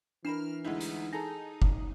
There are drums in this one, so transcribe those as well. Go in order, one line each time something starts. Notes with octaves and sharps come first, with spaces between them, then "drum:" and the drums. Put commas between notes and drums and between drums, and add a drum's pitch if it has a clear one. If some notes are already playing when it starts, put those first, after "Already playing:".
E3 D4 A#4 B5 F6 C7 E7
D2 G#3 D#4 E4
drum: hi-hat
D#4 G#4 A4 A#5 A#6
drum: kick F#1